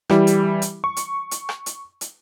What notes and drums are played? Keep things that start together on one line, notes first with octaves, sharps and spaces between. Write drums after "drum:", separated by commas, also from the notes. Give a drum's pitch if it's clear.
E3 G3 E4 G4, drum: rim click
drum: hi-hat
drum: hi-hat
C#6
drum: hi-hat
drum: hi-hat
drum: rim click
drum: hi-hat
drum: hi-hat